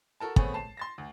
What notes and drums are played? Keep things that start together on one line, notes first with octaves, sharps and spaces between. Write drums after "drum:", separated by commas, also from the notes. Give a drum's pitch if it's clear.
F#4 A4 A#4 A5
A3 B3 C4 G#4 C#5, drum: kick
A5 C7 E7
C6 A6 A#6
D2